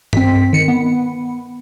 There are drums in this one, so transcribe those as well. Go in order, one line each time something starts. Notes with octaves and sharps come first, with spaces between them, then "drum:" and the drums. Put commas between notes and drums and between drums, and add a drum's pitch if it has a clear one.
C4 B6, drum: tom G2
D#3 C#7
B3